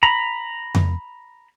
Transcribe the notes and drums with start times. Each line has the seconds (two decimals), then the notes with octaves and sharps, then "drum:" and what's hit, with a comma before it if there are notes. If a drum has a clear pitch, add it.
0.03 A#5 B5
0.75 drum: tom F2